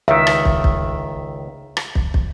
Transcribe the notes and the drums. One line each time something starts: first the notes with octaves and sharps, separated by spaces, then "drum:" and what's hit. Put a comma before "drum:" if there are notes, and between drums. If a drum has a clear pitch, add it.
C#2 D#3 E5
drum: rim click
drum: kick
drum: kick
drum: rim click
drum: kick
drum: kick